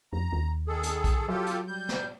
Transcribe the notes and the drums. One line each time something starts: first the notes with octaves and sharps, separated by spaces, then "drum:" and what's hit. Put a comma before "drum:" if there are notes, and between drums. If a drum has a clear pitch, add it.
F2 A#5
D#2
D#3 G#4 A4
drum: hi-hat
drum: kick B1, hi-hat
F#3 F4 G4 A4
drum: hi-hat
G3 G6
drum: snare